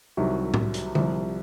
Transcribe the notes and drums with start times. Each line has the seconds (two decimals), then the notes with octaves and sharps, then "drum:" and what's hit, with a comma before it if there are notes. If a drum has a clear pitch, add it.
0.17 C2 C3 D#3 F#3
0.54 drum: tom A2
0.74 drum: hi-hat
0.95 C2 C3 F3, drum: tom D3